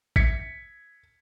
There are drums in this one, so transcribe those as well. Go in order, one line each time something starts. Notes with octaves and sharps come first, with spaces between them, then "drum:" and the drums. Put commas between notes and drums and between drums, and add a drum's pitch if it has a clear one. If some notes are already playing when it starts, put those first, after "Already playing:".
G#6 B6 C#7, drum: kick A1